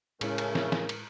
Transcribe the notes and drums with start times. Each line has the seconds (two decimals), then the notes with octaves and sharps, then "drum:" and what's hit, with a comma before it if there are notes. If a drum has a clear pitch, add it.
0.21 A2 C#3 G#3 A3 C#4 E4 A#4, drum: cymbal
0.38 drum: cymbal
0.55 drum: snare
0.72 drum: snare
0.89 drum: cymbal